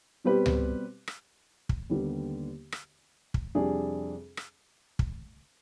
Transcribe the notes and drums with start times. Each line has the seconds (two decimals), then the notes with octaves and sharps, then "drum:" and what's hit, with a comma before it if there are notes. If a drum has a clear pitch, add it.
0.24 B2 G3 C4 G4 B4
0.46 drum: tom C#2
1.07 drum: rim click
1.69 drum: kick
1.90 D#2 D3 G3 B3
2.72 drum: rim click
3.34 drum: kick
3.55 F2 C3 G3 D4 G#4
4.37 drum: rim click
4.99 drum: kick